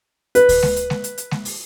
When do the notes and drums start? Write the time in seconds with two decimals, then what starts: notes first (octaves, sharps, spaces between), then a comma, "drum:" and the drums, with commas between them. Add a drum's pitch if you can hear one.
0.35 B4, drum: hi-hat
0.49 drum: kick D2, open hi-hat
0.63 drum: snare G#3
0.76 drum: hi-hat
0.90 drum: snare G#3
1.04 drum: hi-hat
1.18 drum: hi-hat
1.31 drum: snare G#3
1.45 drum: open hi-hat